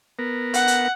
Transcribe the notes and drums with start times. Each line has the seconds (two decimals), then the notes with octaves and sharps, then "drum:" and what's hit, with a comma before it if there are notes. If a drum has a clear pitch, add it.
0.19 B3 A#4
0.54 F#5, drum: hi-hat
0.68 drum: hi-hat